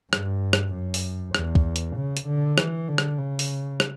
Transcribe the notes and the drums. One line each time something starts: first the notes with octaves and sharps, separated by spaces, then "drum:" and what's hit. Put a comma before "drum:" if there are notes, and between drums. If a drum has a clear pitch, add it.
G2, drum: rim click
drum: rim click
F#2
drum: open hi-hat
E2, drum: rim click
drum: kick
drum: hi-hat
C#3
drum: hi-hat
D3
E3, drum: rim click
D3
drum: rim click
C#3
drum: open hi-hat
drum: rim click